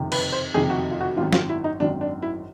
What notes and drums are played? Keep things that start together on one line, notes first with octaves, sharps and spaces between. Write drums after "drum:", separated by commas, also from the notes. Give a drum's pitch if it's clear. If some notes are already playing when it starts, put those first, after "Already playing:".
Already playing: F#1 F2 C3 D#3
B4, drum: cymbal
C5
F#1 F2 C3 D#3 G#4
F#4
F4
F#4
G#1 F#2 D#3 F4
F4, drum: snare
E4
D#4
G#1 F#2 D#3 D4
D4
E4